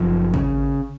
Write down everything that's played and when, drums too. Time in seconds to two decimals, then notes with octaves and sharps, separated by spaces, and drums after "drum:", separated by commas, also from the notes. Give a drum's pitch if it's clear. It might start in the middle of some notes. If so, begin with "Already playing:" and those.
Already playing: F#1 F#2 F3
0.34 C#3, drum: kick G#1